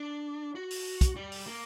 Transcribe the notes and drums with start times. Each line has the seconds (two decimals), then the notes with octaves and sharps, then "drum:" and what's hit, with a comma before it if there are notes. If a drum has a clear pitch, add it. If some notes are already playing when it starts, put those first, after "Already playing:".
Already playing: D4
0.55 F#4
0.70 drum: open hi-hat
1.01 drum: kick, hi-hat
1.16 G3
1.32 drum: open hi-hat
1.47 A#3